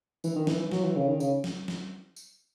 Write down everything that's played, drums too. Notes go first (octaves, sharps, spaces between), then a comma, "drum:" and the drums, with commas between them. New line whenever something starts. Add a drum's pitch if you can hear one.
E3, drum: tambourine
D#3
E3, drum: snare
E3
F#3, drum: snare
E3
C#3
D#3
C#3, drum: tambourine
drum: snare
drum: snare
drum: tambourine